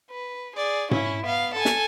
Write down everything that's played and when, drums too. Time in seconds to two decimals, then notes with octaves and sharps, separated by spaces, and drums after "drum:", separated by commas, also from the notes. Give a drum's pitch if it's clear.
0.10 B4
0.56 G#4 D5
0.91 C#4 E4, drum: tom G#2
1.25 B3 F5
1.55 A4 G#5
1.65 drum: snare